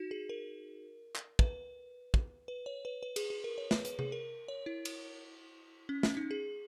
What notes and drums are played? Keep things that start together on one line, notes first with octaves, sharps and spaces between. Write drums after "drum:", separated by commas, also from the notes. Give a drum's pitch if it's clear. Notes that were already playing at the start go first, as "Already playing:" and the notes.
Already playing: D#4 F#4
G#4
A#4
drum: clap
B4, drum: kick
drum: kick
B4
C#5
B4
B4
G#4, drum: cymbal
G#4
A#4
C#5
B4, drum: snare
B4, drum: hi-hat
G#4, drum: tom C3
A#4
C#5
E4
drum: cymbal
C#4
C#4, drum: snare
D#4
G#4